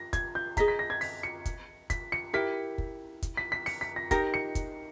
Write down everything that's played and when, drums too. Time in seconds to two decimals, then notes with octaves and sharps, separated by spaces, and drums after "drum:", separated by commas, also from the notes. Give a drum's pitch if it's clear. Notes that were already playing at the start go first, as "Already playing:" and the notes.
Already playing: A#6
0.13 G#6, drum: kick, hi-hat
0.35 G6
0.57 G#4 D#5 A#5 B6, drum: kick, hi-hat
0.68 B6
0.79 A#6
0.90 G#6
1.01 B6, drum: open hi-hat
1.23 C#7
1.45 drum: kick, hi-hat
1.90 B6, drum: kick, hi-hat
2.12 C#7
2.34 E4 G4 A#4 B6
2.78 drum: kick
3.22 drum: kick, hi-hat
3.37 B6
3.52 B6
3.66 C#7, drum: open hi-hat
3.81 B6
3.96 A#6
4.11 D#4 G4 A#4 A#6, drum: kick, hi-hat
4.34 C#7
4.55 drum: kick, hi-hat